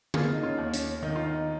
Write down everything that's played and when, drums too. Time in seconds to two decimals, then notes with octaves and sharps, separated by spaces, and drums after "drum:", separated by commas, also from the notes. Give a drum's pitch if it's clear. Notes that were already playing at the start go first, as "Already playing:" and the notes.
0.14 A#3 F4 G#4, drum: tom D3
0.33 D#4
0.43 C#4 F4
0.58 D#2
0.73 C#4, drum: hi-hat
1.02 D#3 D#4
1.16 F4
1.25 D#4